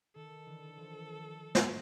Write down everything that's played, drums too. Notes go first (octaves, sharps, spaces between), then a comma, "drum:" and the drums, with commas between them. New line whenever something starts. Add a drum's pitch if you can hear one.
D#3 A4
D3 E3
D#3 F3
drum: snare